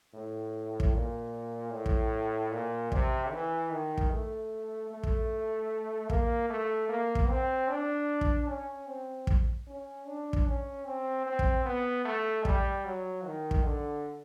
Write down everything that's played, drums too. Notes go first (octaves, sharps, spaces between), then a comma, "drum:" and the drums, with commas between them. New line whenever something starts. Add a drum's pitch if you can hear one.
A2
drum: kick
A#2
A2
drum: kick
A#2
C3, drum: kick
E3
D#3
drum: kick
A3
A3
drum: kick
A#3, drum: kick
A3
A#3
drum: kick
C4
D4
drum: kick
C#4
C4
drum: kick
C#4
D4
drum: kick
C#4
C4
C4
drum: kick
B3
A3
G3, drum: kick
F#3
D#3
drum: kick
D3